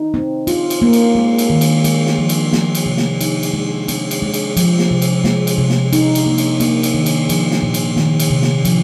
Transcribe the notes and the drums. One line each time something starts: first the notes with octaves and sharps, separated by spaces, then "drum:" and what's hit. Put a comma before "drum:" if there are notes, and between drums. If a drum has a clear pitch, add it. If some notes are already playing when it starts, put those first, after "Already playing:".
Already playing: D#4
C4
F4, drum: cymbal
drum: cymbal
A#3
drum: cymbal
G#3
drum: cymbal
D#3
drum: cymbal
G#3, drum: cymbal
drum: snare
F3
drum: cymbal
F3, drum: snare
drum: cymbal
C3
drum: snare
D#4, drum: cymbal
drum: cymbal
G#3
C4, drum: cymbal
drum: cymbal
G#3
drum: cymbal
F3, drum: cymbal
drum: snare
C3
drum: cymbal
G#3, drum: snare
drum: cymbal
C3
drum: snare
D#4, drum: cymbal
drum: cymbal
A#3
drum: cymbal
A#3, drum: cymbal
drum: cymbal
D#3
drum: cymbal
F3, drum: cymbal
drum: snare
A#2
drum: cymbal
D#3, drum: snare
drum: cymbal
C3
drum: snare
F3, drum: cymbal